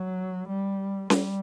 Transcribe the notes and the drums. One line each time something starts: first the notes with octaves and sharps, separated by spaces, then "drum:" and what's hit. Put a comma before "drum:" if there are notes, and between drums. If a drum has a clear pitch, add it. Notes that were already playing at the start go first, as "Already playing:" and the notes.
Already playing: F#3
G3
G3, drum: snare C#4